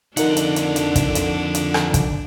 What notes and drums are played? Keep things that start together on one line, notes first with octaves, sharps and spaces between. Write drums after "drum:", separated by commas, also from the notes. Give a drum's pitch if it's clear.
F2 D3 D4 D#4 A#4 F#5, drum: hi-hat
drum: hi-hat
drum: hi-hat
drum: hi-hat
drum: kick, hi-hat
drum: hi-hat
drum: hi-hat
drum: rim click
drum: kick, hi-hat